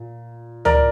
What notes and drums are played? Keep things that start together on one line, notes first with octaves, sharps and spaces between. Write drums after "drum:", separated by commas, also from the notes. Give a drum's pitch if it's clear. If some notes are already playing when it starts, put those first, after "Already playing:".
Already playing: A#2
A#4 D5, drum: tom C#2